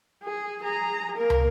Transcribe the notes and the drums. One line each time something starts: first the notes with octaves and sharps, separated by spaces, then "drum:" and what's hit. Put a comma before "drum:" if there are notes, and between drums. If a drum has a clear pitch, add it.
G#4
G#4 A#5
A#3 A#4
drum: tom